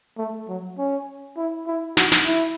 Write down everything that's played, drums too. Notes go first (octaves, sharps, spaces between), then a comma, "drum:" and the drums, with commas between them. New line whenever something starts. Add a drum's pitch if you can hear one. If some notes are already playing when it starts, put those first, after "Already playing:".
A3
F#3
C#4
E4
E4
F#4, drum: snare
drum: snare
E4